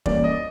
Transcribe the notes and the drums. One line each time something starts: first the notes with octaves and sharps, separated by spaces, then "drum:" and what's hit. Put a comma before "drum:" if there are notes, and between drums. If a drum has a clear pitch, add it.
E3 G3 A#3 C#4 D5, drum: kick F1
D#5